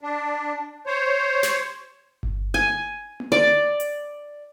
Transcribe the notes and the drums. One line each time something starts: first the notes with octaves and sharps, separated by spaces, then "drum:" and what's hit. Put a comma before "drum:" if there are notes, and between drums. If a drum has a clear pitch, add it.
D4
C5 C#5
drum: snare
drum: kick G1
G#5
drum: tom A#3
D5
drum: hi-hat